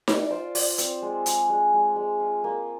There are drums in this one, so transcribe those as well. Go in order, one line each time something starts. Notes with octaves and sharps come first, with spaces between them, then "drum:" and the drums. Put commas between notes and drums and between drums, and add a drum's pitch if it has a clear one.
drum: snare D#4
D5
F4 C5
F4 D5, drum: open hi-hat
C4 C5, drum: hi-hat
G#3
G#3, drum: hi-hat
G#3
G#3
G#3
F4
A#3